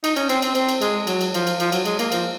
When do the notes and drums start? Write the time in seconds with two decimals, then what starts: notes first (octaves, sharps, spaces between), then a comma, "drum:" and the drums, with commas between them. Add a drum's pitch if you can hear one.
0.04 D#4, drum: cymbal
0.16 C#4, drum: cymbal
0.29 C4, drum: cymbal
0.42 C4, drum: cymbal
0.55 C4, drum: cymbal
0.69 drum: cymbal
0.81 G#3, drum: cymbal
1.07 F#3, drum: cymbal
1.21 drum: cymbal
1.34 F3, drum: cymbal
1.47 drum: cymbal
1.60 F3, drum: cymbal
1.72 F#3, drum: cymbal
1.85 G#3, drum: cymbal
1.99 A#3, drum: cymbal
2.12 F3, drum: cymbal